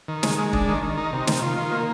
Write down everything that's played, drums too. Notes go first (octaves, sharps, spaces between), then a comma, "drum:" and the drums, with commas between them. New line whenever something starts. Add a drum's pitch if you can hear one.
D#3
G#3, drum: snare
G#3
D4, drum: kick
D#3
D#3
D#4
C3
D#3, drum: snare
F4
D#3
A#3